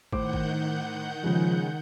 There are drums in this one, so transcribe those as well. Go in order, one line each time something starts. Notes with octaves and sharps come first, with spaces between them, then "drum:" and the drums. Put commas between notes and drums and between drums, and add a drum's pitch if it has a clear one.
A2 D#3 C5 F#5 D6 G6, drum: kick
drum: kick
C#3 F3 G#3